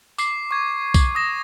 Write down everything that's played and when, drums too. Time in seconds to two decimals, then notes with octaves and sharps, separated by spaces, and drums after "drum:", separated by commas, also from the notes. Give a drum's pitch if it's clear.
0.18 D6 C7, drum: tambourine
0.51 C#6 G#6
0.94 drum: kick B1, tambourine
1.15 D#6 A#6 E7